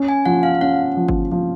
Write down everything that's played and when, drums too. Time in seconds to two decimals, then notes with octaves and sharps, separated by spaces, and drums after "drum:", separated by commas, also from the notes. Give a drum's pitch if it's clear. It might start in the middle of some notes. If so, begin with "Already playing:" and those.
Already playing: C#4
0.09 G#5
0.26 F3 F#5
0.43 F5
0.61 C#4 F#5
0.97 F3
1.08 drum: kick G1
1.32 F3